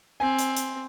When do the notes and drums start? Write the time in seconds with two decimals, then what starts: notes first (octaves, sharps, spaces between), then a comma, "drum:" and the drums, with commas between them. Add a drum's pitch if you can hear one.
0.20 C4 G#5
0.39 drum: hi-hat
0.56 drum: hi-hat